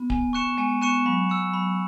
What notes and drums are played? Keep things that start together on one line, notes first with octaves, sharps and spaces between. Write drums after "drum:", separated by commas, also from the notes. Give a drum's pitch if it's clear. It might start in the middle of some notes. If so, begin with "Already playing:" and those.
Already playing: B3
G#5, drum: kick D1
C#6 F#6 C#7 E7
G#3 G#5
B3 C#6 F#6 C#7 E7
F#3 B5
E6 C#7
B5